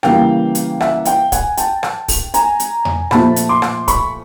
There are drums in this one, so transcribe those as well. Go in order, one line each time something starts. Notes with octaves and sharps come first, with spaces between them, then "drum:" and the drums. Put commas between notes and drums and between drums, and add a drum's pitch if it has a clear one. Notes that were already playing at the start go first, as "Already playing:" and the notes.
C#3 E3 G3 A#3 F5 G5, drum: rim click
drum: hi-hat
E5 F#5, drum: rim click
F5 G5, drum: hi-hat
F#5 G#5, drum: kick, hi-hat
G5 A5, drum: hi-hat
drum: rim click
drum: kick, open hi-hat
G#5 A#5, drum: hi-hat
drum: hi-hat
drum: tom E2
A#2 F3 A3 A5 B5, drum: rim click
drum: hi-hat
C6 D6
drum: rim click
B5 C#6, drum: kick, hi-hat